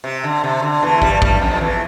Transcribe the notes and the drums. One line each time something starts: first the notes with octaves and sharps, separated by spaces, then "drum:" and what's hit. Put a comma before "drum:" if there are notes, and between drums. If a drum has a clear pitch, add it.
C3
D3
C3
D3
E2 E3
G2 G3, drum: kick
G2 G3, drum: kick
F2 F3
E2 E3